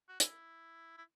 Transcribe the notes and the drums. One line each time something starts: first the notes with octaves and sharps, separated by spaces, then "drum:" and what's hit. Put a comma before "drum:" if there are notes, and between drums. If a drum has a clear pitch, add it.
F#4
E4, drum: hi-hat
E4